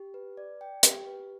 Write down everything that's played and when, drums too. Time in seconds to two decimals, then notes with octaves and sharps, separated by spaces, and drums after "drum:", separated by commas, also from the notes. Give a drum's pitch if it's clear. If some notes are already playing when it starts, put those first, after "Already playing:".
Already playing: G4
0.14 B4
0.37 D5
0.61 G5
0.83 G4, drum: hi-hat
1.06 B4